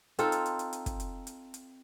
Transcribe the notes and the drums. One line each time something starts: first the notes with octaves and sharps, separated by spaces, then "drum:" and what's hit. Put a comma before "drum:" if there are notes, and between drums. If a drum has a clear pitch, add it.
C4 D#4 F4 A4, drum: hi-hat
drum: hi-hat
drum: hi-hat
drum: hi-hat
drum: hi-hat
drum: kick, hi-hat
drum: hi-hat
drum: hi-hat
drum: hi-hat